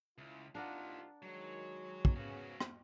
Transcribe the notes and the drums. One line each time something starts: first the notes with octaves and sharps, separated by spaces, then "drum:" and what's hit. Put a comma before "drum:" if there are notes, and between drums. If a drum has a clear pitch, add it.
C#2 E4 F4
C2 D4 D#4 F4 A#4 F5 F#5
D#3 F#3 G#3 C#5
drum: kick
G#2 C#3 B3 C#4 F#4
drum: rim click